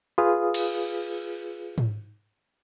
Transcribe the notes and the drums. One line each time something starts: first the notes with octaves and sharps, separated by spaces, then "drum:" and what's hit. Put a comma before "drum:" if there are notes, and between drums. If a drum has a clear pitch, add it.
F4 G#4 B4 F5 D#6
drum: cymbal
drum: tom G#2